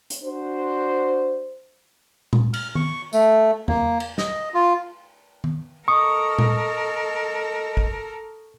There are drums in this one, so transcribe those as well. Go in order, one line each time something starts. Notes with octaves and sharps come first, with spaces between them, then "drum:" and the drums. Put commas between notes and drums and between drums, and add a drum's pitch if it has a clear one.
drum: hi-hat
D4 F#4 C5
drum: tom A#2
F6, drum: cymbal
C#6, drum: tom D#3
A3, drum: tambourine
A#3, drum: tom E2
drum: cymbal
D#5, drum: snare
F4
drum: tom D#3
A4 A#4 D#5 C#6 D#6
drum: tom A#2
drum: kick